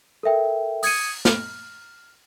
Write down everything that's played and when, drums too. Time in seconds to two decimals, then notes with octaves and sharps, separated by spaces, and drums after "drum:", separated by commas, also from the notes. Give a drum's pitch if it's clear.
0.23 A4 A#4 E5 G5
0.83 D#6 G#6 C#7 D#7, drum: open hi-hat
1.25 F6, drum: snare